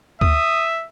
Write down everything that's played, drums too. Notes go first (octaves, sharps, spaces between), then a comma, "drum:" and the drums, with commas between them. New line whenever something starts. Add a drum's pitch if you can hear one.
E5 D#6, drum: kick D2